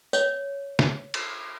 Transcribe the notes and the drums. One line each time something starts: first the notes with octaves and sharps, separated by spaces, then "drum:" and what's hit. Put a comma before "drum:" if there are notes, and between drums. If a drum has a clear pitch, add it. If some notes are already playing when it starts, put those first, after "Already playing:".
C#5, drum: tambourine
drum: snare
drum: cymbal